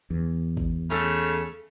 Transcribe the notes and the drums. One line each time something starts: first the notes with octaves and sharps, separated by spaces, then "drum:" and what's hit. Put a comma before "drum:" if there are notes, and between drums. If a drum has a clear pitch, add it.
E2
drum: kick G#1
C#3 A3 A4